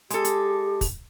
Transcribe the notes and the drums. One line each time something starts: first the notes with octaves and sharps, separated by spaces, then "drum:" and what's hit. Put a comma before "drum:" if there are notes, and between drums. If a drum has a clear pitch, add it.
G#3 G4 A4, drum: hi-hat
drum: hi-hat
drum: kick, open hi-hat